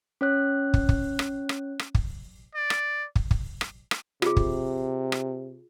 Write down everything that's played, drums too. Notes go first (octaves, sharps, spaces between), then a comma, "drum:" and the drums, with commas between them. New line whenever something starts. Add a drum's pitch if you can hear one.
C#4 C#5 F#6
drum: kick
drum: kick
drum: rim click
drum: rim click
drum: rim click
drum: kick
D5
drum: rim click
drum: kick
drum: kick
drum: rim click
drum: rim click
C3 F4 G#4, drum: rim click
drum: kick
drum: rim click